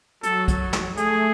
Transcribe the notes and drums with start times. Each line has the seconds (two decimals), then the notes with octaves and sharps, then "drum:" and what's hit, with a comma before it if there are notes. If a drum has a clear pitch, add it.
0.23 F#3 A4, drum: hi-hat
0.48 drum: kick, hi-hat
0.73 drum: snare
0.97 A3 G#4, drum: hi-hat